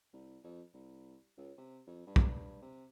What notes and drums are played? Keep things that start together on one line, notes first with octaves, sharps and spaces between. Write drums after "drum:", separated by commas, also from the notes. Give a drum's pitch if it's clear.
C2
F2
C2
C#2
C3
F2
G2
drum: kick
C3